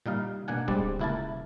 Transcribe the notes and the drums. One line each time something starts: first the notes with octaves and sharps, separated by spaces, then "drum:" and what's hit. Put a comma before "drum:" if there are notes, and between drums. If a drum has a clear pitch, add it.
A#2 G3 D#4 F5
B2 A#3 D4 F#5 G#5
G3 G#3 C4 D4 D5, drum: kick D1
C#2 A#3 E4 A4 A#4 A5